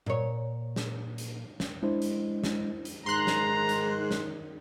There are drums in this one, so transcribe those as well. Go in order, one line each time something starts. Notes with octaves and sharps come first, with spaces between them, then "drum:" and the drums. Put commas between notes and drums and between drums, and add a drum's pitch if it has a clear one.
A#2 C#5
drum: snare
drum: hi-hat
drum: snare
G#3 D4 E4 C5
drum: hi-hat
drum: snare
drum: hi-hat
G#2 D#3 A#5 C6 F#6
drum: snare
drum: hi-hat
drum: snare